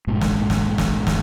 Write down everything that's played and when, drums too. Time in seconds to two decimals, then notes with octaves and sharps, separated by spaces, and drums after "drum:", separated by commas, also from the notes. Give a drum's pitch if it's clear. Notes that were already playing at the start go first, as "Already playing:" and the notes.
0.07 A#1 G#2 B2
0.21 drum: snare
0.50 drum: snare
0.78 drum: snare
1.07 drum: snare